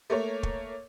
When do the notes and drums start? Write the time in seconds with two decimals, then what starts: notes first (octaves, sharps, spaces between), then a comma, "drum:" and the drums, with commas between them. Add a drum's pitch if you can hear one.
0.10 A3 A#3 C#5
0.43 drum: kick